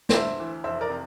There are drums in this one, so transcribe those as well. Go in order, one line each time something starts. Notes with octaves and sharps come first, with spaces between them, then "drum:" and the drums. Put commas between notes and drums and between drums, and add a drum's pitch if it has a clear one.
D5, drum: snare
D2 C5 E5
E3
F1 C5 E5
A#4 D5
C3